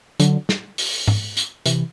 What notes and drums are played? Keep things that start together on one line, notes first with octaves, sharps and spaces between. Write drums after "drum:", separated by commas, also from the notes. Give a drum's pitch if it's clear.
D3 F#3, drum: hi-hat
drum: snare
drum: open hi-hat
drum: tom G#2
drum: hi-hat
C3 E3, drum: hi-hat